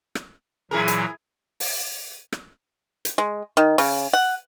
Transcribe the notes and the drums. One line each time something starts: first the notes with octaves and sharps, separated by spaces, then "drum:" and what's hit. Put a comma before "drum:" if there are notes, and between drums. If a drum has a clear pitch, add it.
drum: rim click
A#2 E3 F#3 E4 G#4 A#4
drum: hi-hat
drum: open hi-hat
drum: rim click
drum: hi-hat
G#3
D#3
C#3, drum: open hi-hat
F#5